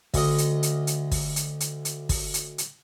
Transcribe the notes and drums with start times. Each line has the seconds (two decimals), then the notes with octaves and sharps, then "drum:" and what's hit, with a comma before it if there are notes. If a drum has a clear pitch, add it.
0.14 D2 D#5, drum: kick, open hi-hat
0.38 drum: hi-hat
0.63 drum: hi-hat
0.87 drum: hi-hat
1.12 drum: kick, open hi-hat
1.36 drum: hi-hat
1.60 drum: hi-hat
1.85 drum: hi-hat
2.09 drum: kick, open hi-hat
2.34 drum: hi-hat
2.58 drum: hi-hat